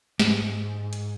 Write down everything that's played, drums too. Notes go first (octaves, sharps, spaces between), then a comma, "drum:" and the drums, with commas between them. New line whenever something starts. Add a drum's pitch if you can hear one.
G#2, drum: snare
drum: hi-hat